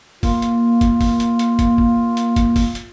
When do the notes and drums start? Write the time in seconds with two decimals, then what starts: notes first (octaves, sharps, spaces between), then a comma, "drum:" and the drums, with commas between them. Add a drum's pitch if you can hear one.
0.23 A#3 F4, drum: kick, open hi-hat
0.42 drum: hi-hat
0.81 drum: kick, hi-hat
1.01 drum: kick, open hi-hat
1.20 drum: hi-hat
1.39 drum: hi-hat
1.59 drum: kick, hi-hat
1.78 drum: kick
2.17 drum: hi-hat
2.36 drum: kick, hi-hat
2.56 drum: kick, open hi-hat
2.75 drum: hi-hat